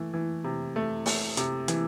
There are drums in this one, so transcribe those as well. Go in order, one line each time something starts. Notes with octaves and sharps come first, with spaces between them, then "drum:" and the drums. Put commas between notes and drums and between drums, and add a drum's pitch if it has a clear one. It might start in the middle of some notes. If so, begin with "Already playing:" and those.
Already playing: E3 A3
E3
C3
A3
A3, drum: open hi-hat
C3, drum: hi-hat
E3, drum: hi-hat